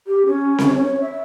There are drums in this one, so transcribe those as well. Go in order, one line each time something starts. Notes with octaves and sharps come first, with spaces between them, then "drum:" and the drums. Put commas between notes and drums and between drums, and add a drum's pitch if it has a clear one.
G4
C#4
drum: snare C4
C#5
E5